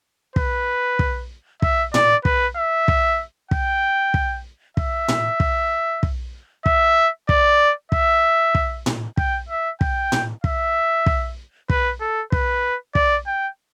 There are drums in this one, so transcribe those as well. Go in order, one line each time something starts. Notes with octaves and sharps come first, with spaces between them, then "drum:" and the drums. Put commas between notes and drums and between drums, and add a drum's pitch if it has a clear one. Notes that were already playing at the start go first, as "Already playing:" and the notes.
B4, drum: kick
drum: kick
E5, drum: kick
D5, drum: tom A2
B4, drum: kick
E5
drum: kick
G5, drum: kick
drum: kick
E5, drum: kick
drum: tom A2
drum: kick
drum: kick
E5, drum: kick
D5, drum: kick
E5, drum: kick
drum: kick
drum: tom A2
G5, drum: kick
E5
G5, drum: kick
drum: tom A2
E5, drum: kick
drum: kick
B4, drum: kick
A4
B4, drum: kick
D5, drum: kick
G5